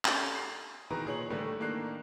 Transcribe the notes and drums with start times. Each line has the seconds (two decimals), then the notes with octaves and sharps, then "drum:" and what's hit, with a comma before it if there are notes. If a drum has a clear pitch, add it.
0.05 C#4 G4 A4 G#5 G6, drum: clap
0.34 D#6 C7
0.90 B2 D#3 E3 G#4 B4 A#5
1.05 A#2 G#4 C#5 F#7
1.30 A2 D3 E3 G3 A3
1.60 A2 D#3 A#3 D4 F#6 C7